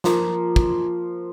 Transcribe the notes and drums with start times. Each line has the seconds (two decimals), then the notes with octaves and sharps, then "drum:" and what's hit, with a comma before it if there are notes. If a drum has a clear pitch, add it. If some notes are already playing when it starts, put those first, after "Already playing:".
0.04 F3 A#3, drum: snare
0.56 drum: kick